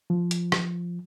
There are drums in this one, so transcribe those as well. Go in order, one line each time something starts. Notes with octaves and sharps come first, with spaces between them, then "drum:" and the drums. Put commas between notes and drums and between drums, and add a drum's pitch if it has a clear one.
F3
drum: hi-hat
drum: rim click